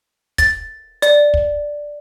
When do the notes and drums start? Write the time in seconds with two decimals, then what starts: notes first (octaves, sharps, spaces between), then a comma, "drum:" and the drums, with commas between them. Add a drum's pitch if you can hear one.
0.38 A6, drum: kick, hi-hat
1.02 D5, drum: hi-hat
1.34 drum: kick